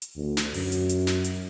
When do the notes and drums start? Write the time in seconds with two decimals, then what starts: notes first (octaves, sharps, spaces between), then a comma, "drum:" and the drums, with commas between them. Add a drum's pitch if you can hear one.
0.02 drum: hi-hat
0.16 D2
0.37 drum: snare
0.54 F#2, drum: open hi-hat
0.72 drum: hi-hat
0.89 drum: hi-hat
1.07 drum: snare
1.24 drum: hi-hat